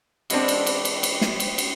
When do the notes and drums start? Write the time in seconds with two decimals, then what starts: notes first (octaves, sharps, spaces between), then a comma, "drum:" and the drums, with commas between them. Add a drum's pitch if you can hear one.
0.30 E3 G#3 B3 C4 D4, drum: cymbal
0.48 drum: cymbal
0.66 drum: cymbal
0.85 drum: cymbal
1.03 drum: cymbal
1.21 drum: snare
1.40 drum: cymbal
1.58 drum: cymbal